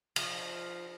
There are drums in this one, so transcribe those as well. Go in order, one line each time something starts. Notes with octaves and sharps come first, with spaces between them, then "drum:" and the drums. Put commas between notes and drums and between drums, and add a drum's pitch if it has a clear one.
F3, drum: cymbal